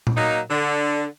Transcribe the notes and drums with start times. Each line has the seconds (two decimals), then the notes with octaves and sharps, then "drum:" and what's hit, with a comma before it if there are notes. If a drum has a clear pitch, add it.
0.07 drum: tom A#2
0.17 F#3 A#3 D#4
0.50 D3